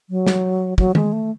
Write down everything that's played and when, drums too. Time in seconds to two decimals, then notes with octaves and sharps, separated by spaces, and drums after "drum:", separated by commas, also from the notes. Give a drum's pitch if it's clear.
0.10 F#3
0.27 drum: snare
0.78 F#3, drum: kick
0.95 G#3, drum: tom D#3
1.13 A3